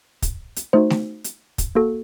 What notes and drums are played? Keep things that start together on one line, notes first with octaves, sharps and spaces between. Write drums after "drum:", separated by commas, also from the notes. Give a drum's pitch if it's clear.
drum: kick, hi-hat
drum: hi-hat
A3 D#4 F#4 C5
drum: snare A3
drum: hi-hat
drum: kick, hi-hat
A#3 F#4 A4